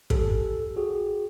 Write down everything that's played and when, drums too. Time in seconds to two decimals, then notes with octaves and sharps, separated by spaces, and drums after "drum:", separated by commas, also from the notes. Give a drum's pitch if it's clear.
0.10 G4 A4, drum: kick
0.76 F#4 G#4